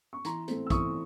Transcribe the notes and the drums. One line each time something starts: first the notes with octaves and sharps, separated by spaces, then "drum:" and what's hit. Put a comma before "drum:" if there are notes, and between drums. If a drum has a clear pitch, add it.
C#6
E3 A#5 C6, drum: hi-hat
A3 C4, drum: hi-hat
E6
E3 C#6 D#6, drum: kick, hi-hat